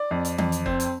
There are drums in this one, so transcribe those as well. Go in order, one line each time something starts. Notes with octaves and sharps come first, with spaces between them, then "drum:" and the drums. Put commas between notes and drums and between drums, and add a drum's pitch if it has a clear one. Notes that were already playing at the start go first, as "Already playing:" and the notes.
Already playing: D5
F2
drum: hi-hat
F2, drum: tom E3
drum: hi-hat
C4, drum: kick
drum: hi-hat